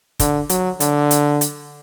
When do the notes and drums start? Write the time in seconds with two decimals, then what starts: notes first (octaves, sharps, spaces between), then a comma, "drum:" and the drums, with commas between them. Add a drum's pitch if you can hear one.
0.20 D3, drum: kick, hi-hat
0.49 F#3, drum: hi-hat
0.80 D3, drum: hi-hat
1.11 drum: hi-hat
1.41 drum: hi-hat